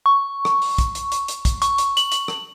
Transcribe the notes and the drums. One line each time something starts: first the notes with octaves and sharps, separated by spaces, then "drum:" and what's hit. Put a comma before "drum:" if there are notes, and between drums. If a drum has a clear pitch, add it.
C#6
drum: rim click
drum: open hi-hat
drum: kick, hi-hat
drum: hi-hat
drum: hi-hat
drum: hi-hat
drum: kick, hi-hat
C#6, drum: hi-hat
drum: hi-hat
F#7, drum: hi-hat
drum: hi-hat
drum: rim click